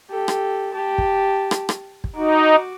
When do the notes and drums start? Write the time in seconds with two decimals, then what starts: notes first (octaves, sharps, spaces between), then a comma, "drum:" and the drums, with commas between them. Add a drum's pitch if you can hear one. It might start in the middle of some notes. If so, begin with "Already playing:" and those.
0.10 G4 A4
0.28 drum: rim click
0.74 G4 A5
0.98 drum: kick
1.51 drum: rim click
1.69 drum: rim click
2.04 drum: kick
2.16 D#4 F#4 D6